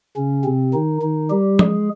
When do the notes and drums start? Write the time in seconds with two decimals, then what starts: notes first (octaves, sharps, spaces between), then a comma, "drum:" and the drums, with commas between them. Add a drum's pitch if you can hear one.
0.16 C#3 C#4
0.44 C3 C4
0.74 D#3 D#4
1.02 D#3 D#4
1.30 G3 G4
1.59 G#3 G#4, drum: tom F3